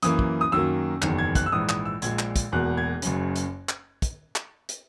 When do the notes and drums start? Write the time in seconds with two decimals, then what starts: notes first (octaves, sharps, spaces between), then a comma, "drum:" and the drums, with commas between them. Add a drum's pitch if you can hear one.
0.02 F#2 E3 A#3 D#6, drum: hi-hat
0.19 drum: kick
0.41 D#6
0.52 F#2 D#3 F#3 A#3 E6
1.02 F#1 E2 D#3, drum: clap
1.18 G#6
1.35 F#6, drum: kick, hi-hat
1.46 E6
1.52 A#1 G#2 E3 D#6
1.69 D#6, drum: clap
1.85 E6
2.02 A#1 A#2 G#3 G#6, drum: hi-hat
2.19 drum: clap
2.36 drum: kick, hi-hat
2.52 E1 E2 B2 A#3 F#6
2.77 G#6
3.02 F#1 F#2 C#3, drum: hi-hat
3.36 drum: hi-hat
3.69 drum: clap
4.02 drum: kick, hi-hat
4.36 drum: clap
4.69 drum: hi-hat